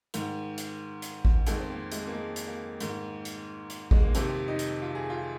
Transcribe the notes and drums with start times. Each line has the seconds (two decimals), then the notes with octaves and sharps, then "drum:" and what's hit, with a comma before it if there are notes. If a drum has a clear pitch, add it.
0.14 G#2 D#3, drum: hi-hat
0.58 drum: hi-hat
1.02 drum: hi-hat
1.25 drum: kick A1
1.47 F2 D#3 G#3, drum: hi-hat
1.59 C4
1.70 A#3
1.92 G#3, drum: hi-hat
2.07 A#3
2.14 G#3
2.36 drum: hi-hat
2.47 A#3
2.80 G#2 D#3, drum: hi-hat
3.25 drum: hi-hat
3.70 drum: hi-hat
3.91 G#3, drum: kick A1
4.03 A#3
4.15 F2 C3 D#3 C4, drum: hi-hat
4.48 D#4
4.59 drum: hi-hat
4.82 F4
4.95 G#4
5.10 F4